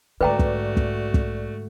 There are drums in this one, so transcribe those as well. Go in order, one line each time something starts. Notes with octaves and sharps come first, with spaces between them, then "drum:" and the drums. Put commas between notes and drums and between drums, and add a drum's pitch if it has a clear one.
G#2 D3 A3 F#4 B4 D5 G5 A#5
drum: kick
drum: kick
drum: kick